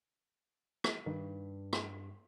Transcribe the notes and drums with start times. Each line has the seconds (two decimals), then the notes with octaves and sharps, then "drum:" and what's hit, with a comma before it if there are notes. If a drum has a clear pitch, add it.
0.84 drum: rim click
1.06 G2 D#3
1.73 drum: rim click